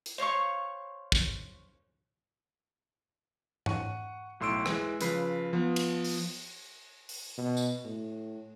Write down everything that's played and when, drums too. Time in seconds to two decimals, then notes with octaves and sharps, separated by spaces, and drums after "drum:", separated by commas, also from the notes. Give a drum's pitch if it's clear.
0.06 drum: hi-hat
0.18 C5 C#5 F5 C#6
1.12 drum: kick
3.66 F#5 C#6 D#7, drum: tom G#2
4.40 B1 A2 C6 E6 D7
4.66 E3 G#3, drum: rim click
5.01 C#3 F3 B4 B5 C7, drum: hi-hat
5.53 F3 B3
5.76 drum: cymbal
6.04 drum: open hi-hat
7.09 drum: open hi-hat
7.37 B2
7.57 drum: tambourine
7.85 A2